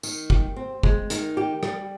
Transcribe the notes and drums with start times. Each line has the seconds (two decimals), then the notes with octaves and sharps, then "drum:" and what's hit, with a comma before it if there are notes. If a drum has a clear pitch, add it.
0.03 D#3, drum: tambourine
0.30 G4, drum: kick
0.56 C4
0.83 G#3, drum: kick
1.10 D#3, drum: hi-hat
1.37 G4
1.63 G3, drum: rim click